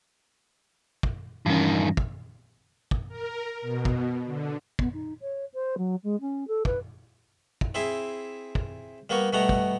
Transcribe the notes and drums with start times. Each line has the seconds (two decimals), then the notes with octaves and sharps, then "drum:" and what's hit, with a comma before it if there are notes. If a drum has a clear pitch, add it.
1.03 drum: kick
1.46 G2 D#3 E3 C#4
1.97 drum: kick
2.91 drum: kick
3.08 A#4
3.61 B2
3.85 drum: kick
4.25 D3
4.79 B3, drum: kick
4.93 D#4
5.21 C#5
5.53 C5
5.77 F#3
6.03 G#3
6.20 C#4
6.47 A4
6.65 B4, drum: kick
7.61 drum: kick
7.75 C4 E4 G#4 E5
8.55 drum: kick
9.10 G3 A#3 B3 A#4 C#6
9.33 B2 G3 A3 B3 F#5 A#5
9.49 drum: kick